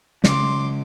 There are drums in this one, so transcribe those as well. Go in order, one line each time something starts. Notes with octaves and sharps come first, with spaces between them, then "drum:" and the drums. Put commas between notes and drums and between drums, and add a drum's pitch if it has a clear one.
C#3 G#3 C6 D6, drum: snare